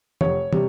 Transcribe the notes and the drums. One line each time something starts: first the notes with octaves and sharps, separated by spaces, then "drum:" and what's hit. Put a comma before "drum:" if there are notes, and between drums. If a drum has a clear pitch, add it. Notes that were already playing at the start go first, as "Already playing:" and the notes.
F1 C#5, drum: tom
C3 G3, drum: tom